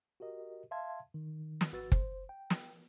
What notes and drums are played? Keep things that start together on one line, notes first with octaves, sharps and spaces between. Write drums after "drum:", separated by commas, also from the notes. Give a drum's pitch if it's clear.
F#4 G4 A#4 D#5
E5 F5 A5 C6 G#6
D#3
drum: snare
G#1 F#4 B4 E6 A6
C5, drum: kick
G5
drum: snare